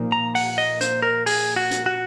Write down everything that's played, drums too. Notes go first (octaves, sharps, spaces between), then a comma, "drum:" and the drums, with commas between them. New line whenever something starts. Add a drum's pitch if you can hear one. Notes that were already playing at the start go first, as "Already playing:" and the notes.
Already playing: A#2 F3 A#3 D#4
A#5
F#5, drum: open hi-hat
D#5
C5, drum: hi-hat
A#4
G#4, drum: open hi-hat
F#4
drum: hi-hat
F#4